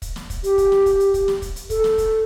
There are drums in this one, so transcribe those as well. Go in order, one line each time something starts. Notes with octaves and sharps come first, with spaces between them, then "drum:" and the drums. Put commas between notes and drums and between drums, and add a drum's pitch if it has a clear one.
drum: kick, hi-hat
drum: snare
drum: kick, hi-hat
G4, drum: hi-hat
drum: kick, hi-hat
drum: snare
drum: kick, hi-hat
drum: hi-hat
drum: kick, hi-hat
drum: snare
drum: kick, hi-hat
drum: hi-hat
A4, drum: kick, hi-hat
drum: snare
drum: kick, hi-hat